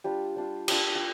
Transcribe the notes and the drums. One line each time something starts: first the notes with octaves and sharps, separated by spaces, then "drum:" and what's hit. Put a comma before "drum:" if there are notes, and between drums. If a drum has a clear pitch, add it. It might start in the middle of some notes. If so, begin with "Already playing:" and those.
G3 D4 F4 G4
G3 D4 F4
G3 D4 F4, drum: cymbal
G4